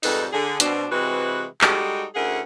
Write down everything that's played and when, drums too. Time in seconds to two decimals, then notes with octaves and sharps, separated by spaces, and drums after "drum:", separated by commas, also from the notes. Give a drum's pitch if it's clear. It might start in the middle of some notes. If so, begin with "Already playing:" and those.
0.03 F2 G#2 G3 D#4 A4 B4, drum: open hi-hat
0.33 D3 G#4
0.60 B2 C4 D4, drum: hi-hat
0.92 C3 E3 G#3 C4 F#4 B4
1.61 G3 G#3 D#4 F#4 G4 A4, drum: clap
2.15 D2 C#4 E4 G#4 A#4 F#5